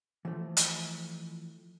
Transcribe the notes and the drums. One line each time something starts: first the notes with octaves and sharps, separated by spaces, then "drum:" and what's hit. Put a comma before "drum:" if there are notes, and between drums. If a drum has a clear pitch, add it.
E3 F3 A3
drum: hi-hat